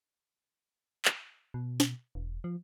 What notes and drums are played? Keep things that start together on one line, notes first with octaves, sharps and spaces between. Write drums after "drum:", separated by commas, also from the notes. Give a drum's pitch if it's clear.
drum: clap
B2
drum: snare
E1
F3